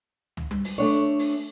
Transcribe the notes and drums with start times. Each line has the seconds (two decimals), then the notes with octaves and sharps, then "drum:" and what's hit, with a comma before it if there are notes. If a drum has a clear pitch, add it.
0.37 drum: tom
0.51 drum: tom G3
0.64 drum: open hi-hat
0.78 A3 D4 C#5
1.19 drum: open hi-hat